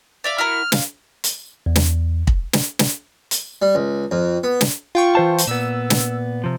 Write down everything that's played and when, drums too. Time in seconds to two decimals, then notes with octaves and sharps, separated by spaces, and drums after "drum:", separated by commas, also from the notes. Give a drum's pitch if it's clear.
0.24 D5 E5 F5
0.38 E4 F#4 A#4 F6
0.72 F5, drum: snare
1.24 drum: hi-hat
1.66 E2
1.76 drum: snare
2.27 drum: kick
2.53 drum: snare
2.79 drum: snare
3.31 drum: hi-hat
3.62 G3
3.75 C#2
4.11 F2
4.44 B3
4.61 drum: snare
4.95 F4 G5 C#6
5.15 E3 C5 A5
5.38 drum: hi-hat
5.47 A#2 B3 E6
5.90 drum: snare
6.44 C3 F3